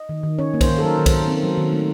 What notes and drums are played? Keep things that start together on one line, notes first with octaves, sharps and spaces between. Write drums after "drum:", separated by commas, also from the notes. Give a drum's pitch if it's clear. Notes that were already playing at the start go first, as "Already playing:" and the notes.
Already playing: D#5
D#3
D#3
C#4 C#5
A#3
C5, drum: kick B1, cymbal
D#3
A4
F#3 A#4
D#3
C5, drum: kick B1, cymbal
D#3
C4
F#3
D#3
A3